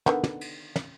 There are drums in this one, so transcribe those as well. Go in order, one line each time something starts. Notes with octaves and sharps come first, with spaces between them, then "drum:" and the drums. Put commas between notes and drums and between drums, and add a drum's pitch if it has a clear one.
D3 D#3 B3, drum: snare
drum: snare
drum: cymbal
drum: snare